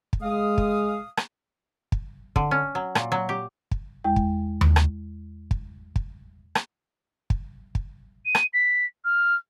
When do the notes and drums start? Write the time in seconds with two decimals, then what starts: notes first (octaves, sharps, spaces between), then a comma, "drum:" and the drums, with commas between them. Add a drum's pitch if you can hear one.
0.13 drum: kick
0.22 G#3 F5 D#6
0.58 drum: kick
1.17 drum: rim click
1.92 drum: kick
2.36 D3, drum: kick
2.51 C#4
2.75 F#3
2.95 A#2, drum: rim click
3.12 F#3
3.29 G4
3.71 drum: kick
4.04 E2 G#3 G5
4.16 drum: kick
4.61 drum: tom D#2
4.76 drum: rim click
5.51 drum: kick
5.96 drum: kick
6.55 drum: rim click
7.30 drum: kick
7.75 drum: kick
8.25 D#7
8.35 drum: rim click
8.53 B6
9.05 F6